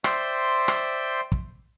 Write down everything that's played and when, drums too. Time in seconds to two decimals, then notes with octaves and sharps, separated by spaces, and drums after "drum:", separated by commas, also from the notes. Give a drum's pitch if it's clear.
0.04 C5 D5 E5 G5 C6, drum: rim click
0.68 drum: rim click
1.32 drum: kick